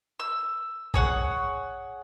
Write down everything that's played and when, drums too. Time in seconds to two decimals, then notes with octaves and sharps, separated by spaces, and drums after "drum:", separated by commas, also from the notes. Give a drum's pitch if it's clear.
0.20 E6
0.94 G#4 C#5 F#5, drum: kick A#1